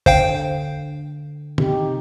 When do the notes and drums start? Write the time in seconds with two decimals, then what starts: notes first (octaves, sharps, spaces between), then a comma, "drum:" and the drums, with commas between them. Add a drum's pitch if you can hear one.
0.06 D3 C5 F5 G5, drum: kick
1.58 C3 D#4 G4, drum: tom